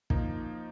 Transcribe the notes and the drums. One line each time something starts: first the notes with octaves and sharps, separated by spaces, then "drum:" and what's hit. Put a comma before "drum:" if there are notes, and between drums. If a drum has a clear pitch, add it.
F3 A#3 D#4, drum: kick